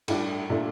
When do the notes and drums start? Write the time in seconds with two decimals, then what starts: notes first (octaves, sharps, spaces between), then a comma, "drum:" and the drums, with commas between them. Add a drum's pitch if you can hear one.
0.08 A2 G3 D4, drum: cymbal
0.50 A#2 A3 D4